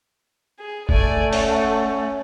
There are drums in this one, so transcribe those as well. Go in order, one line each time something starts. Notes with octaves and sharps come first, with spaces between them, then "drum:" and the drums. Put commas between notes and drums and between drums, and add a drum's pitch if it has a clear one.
G#4
A3 D5 G#5, drum: kick
C#4 F#5, drum: open hi-hat